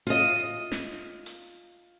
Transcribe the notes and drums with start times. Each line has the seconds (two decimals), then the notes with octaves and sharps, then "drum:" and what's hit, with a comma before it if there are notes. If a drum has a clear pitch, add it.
0.07 F4 D#5, drum: hi-hat
0.72 drum: snare
1.26 drum: hi-hat